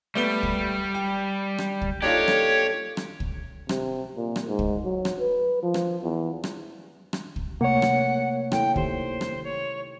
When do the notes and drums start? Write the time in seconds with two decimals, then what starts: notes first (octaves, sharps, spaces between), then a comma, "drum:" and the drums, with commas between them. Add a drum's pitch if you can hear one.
0.15 G3 A3 B3 G7
0.43 drum: kick
0.94 G5
1.58 drum: rim click
1.82 drum: kick
2.02 A#3 D4 D#4 F4 G4 A4 C#5
2.28 drum: rim click
2.97 drum: rim click
3.20 drum: kick
3.69 C3, drum: rim click
4.17 A#2
4.36 drum: rim click
4.48 G#2
4.59 drum: kick
4.84 F#3
5.05 drum: rim click
5.20 B4
5.63 F3
5.74 drum: rim click
6.03 E2
6.44 drum: rim click
7.13 drum: rim click
7.36 drum: kick
7.61 C3 A3 A#3 C#5 F#5
7.82 drum: rim click
8.52 E4 A4 G5, drum: rim click
8.76 D#3 G4 C5, drum: kick
9.21 drum: rim click
9.44 C#5